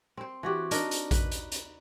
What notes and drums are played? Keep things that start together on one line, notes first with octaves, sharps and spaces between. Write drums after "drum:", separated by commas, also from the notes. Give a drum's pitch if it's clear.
C4 C5
E3 F#4 G4
D4 D#4 A#4, drum: hi-hat
drum: hi-hat
B4, drum: kick A#1, hi-hat
drum: hi-hat
drum: hi-hat